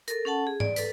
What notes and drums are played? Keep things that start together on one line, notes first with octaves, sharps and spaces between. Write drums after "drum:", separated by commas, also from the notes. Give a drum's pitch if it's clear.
A4 A#4, drum: hi-hat
C#4 A4 F#5 A5
G#4
D5, drum: tom G#2
A4 B4, drum: hi-hat